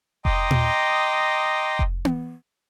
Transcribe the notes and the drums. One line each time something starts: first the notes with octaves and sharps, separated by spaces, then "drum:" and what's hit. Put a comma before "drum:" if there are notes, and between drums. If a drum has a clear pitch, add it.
D#5 G5 A#5 C6 D6 D#6, drum: kick F1
drum: tom A#2
drum: kick F1
drum: tom B3